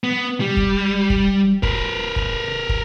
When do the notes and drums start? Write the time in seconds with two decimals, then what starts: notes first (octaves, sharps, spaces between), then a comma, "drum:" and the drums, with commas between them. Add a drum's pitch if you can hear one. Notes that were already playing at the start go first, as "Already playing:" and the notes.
0.04 B3
0.41 G3
0.57 drum: kick
1.10 drum: kick
1.63 A#4 B4, drum: kick
2.16 drum: kick
2.69 drum: kick